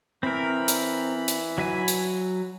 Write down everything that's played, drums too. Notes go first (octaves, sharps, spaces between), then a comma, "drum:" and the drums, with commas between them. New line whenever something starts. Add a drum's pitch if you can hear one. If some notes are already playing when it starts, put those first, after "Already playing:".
E3 C4 A#4 B5
drum: hi-hat
drum: hi-hat
F#3 E5 G#5
drum: hi-hat